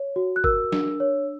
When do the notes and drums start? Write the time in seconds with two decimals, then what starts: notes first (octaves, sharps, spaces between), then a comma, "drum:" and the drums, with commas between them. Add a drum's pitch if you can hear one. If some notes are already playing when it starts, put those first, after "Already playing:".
Already playing: C#5
0.16 F#4
0.36 F#6
0.44 A#4 E6, drum: kick G1
0.72 D4, drum: snare
1.00 C#5